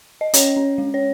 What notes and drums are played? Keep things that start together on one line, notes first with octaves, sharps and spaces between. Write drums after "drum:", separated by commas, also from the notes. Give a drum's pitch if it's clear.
D#5
C#4 C#5, drum: hi-hat
C#4
G#3
C#5